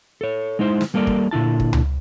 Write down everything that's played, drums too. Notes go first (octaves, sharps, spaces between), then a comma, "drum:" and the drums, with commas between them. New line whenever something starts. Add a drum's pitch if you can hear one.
A4 C#5
G#3 D#4 E4 C5
drum: snare
G3 A#3 A4 A#4 D5
drum: kick
A#2 D3 E4 A5
drum: kick
drum: tom C#2